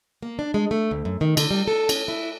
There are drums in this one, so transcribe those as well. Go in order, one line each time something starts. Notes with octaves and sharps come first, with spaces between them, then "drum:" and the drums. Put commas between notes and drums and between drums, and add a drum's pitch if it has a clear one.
A#3
D4
G#3
A3
D2
F#2
D#3
D3, drum: cymbal
G3
A4
C#4, drum: cymbal
E4